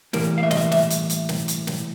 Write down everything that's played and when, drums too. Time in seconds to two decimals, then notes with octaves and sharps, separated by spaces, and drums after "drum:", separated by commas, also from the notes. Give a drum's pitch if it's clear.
0.13 A2 E3 G3 A#3 A#4, drum: snare
0.38 F5
0.43 E5
0.51 D#5, drum: snare
0.57 E5
0.72 E5, drum: snare
0.90 drum: hi-hat
1.10 drum: hi-hat
1.29 drum: snare
1.48 drum: hi-hat
1.67 drum: snare